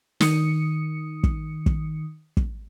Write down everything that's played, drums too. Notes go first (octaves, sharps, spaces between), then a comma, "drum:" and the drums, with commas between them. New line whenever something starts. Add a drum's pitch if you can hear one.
D#3 D#6 C#7, drum: snare
drum: kick
drum: kick
drum: kick